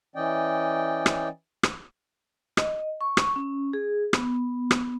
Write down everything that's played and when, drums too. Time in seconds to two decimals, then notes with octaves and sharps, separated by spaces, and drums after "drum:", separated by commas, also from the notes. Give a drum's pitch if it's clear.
0.16 E3 C#4 D5 D#5 G5
1.06 drum: rim click
1.63 drum: rim click
2.57 D#5, drum: rim click
3.01 C#6
3.17 drum: rim click
3.36 C#4
3.73 G#4
4.13 B3, drum: rim click
4.71 drum: rim click